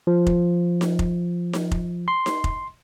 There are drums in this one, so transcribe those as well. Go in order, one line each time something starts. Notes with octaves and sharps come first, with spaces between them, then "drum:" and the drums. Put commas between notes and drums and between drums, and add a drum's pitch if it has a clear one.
F3
drum: kick F1
drum: snare D#4
drum: kick F1
drum: snare D#4
drum: kick F1
C6
drum: snare D#4
drum: kick F1